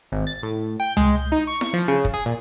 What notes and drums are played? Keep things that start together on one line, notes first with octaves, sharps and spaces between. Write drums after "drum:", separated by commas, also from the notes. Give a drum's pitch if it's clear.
G#1
A6
A2
G5
G#3, drum: tom C#2
G6
D#4
C#6
drum: snare E4
F3
C#3
drum: kick
G#4
A#2